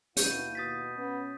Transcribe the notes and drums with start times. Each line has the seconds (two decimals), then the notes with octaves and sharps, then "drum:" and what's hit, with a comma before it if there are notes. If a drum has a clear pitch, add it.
0.17 D#2 B2 E4 F5 C#6 G6 D#7, drum: hi-hat
0.55 B2 D#6 A6 B6
0.97 B2 B3 C#4